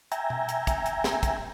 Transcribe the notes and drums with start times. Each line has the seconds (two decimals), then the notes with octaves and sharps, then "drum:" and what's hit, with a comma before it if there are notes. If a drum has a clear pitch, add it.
0.12 E5 G5 G#5 A#5, drum: hi-hat
0.30 drum: tom B2
0.49 drum: hi-hat
0.67 drum: kick, hi-hat
0.86 drum: hi-hat
1.04 drum: snare
1.23 drum: kick, hi-hat